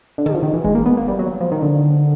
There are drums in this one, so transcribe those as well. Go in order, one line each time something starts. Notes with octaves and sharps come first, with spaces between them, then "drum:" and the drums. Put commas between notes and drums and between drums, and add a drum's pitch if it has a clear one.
D3
D#3, drum: tom
F3
D#3
E3
G#3, drum: kick
A#3
B3
A#3
G3
F#3
F3
D#3
D3